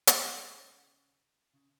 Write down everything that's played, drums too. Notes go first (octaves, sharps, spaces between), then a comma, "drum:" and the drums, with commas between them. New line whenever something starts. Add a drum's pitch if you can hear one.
C#3, drum: hi-hat
C#3